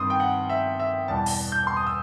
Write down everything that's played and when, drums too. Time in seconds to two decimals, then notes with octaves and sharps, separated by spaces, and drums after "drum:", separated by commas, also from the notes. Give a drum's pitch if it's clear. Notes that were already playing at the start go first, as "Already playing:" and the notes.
Already playing: G2 D#3 G3 C4 C6 D#6
0.10 G5
0.20 F#5
0.49 E5
0.79 E5
1.08 E2 B2 G3 A5
1.26 drum: open hi-hat
1.52 G6
1.67 C6
1.77 D#6
1.87 E6